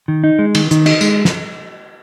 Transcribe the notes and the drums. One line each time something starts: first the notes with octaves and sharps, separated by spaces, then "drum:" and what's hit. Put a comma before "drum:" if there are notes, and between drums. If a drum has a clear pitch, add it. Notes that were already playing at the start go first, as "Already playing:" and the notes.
D#3
D#4
G#3
D#3, drum: cymbal
D#3, drum: hi-hat
D#4, drum: cymbal
G#3, drum: tambourine
drum: snare